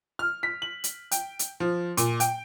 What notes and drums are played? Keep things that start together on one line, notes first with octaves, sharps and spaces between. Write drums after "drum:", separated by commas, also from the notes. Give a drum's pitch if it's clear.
F6
B6
F#7
drum: hi-hat
G5, drum: hi-hat
drum: hi-hat
F3
A#2, drum: hi-hat
G5, drum: hi-hat